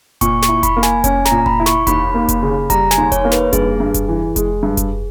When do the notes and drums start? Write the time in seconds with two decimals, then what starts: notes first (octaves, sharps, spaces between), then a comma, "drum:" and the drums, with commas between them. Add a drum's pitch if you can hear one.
0.21 A#2 C#6, drum: kick F1, hi-hat
0.42 C#6, drum: snare
0.49 E4
0.63 B5, drum: kick F1, hi-hat
0.76 A#3
0.83 G#5, drum: snare
1.04 C#4 G#5, drum: kick F1, hi-hat
1.25 A#5, drum: snare
1.31 A#2
1.46 B5, drum: kick F1
1.60 E4
1.66 C#6, drum: snare
1.87 D#2 B5, drum: kick F1, hi-hat
2.14 A#3
2.28 drum: kick F1, hi-hat
2.43 C#3
2.70 G3 A#5, drum: kick F1, hi-hat
2.91 G#5, drum: snare
2.98 D#2
3.12 C#5, drum: kick F1, hi-hat
3.25 A#3
3.32 B4, drum: snare
3.53 G2 G#4, drum: kick F1, hi-hat
3.80 G2
3.94 drum: kick F1, hi-hat
4.08 E3
4.36 G#3, drum: kick F1, hi-hat
4.63 G2
4.77 drum: kick F1, hi-hat